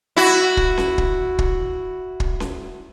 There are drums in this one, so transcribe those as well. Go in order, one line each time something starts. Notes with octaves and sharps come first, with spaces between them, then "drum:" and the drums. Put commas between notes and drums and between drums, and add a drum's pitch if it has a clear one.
E4 F#4
drum: kick
drum: snare C#4
drum: kick
drum: kick
drum: kick
drum: snare C#4